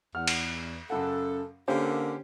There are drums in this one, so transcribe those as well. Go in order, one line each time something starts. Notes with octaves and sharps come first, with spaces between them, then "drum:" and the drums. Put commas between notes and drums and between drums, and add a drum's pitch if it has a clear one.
E2 F#5 F6
drum: cymbal
F#2 C#3 A4 F#5
D3 A#3 C#4 G4 C5